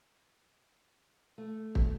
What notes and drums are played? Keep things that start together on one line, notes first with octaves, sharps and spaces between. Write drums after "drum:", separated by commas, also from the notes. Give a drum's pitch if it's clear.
A3
drum: kick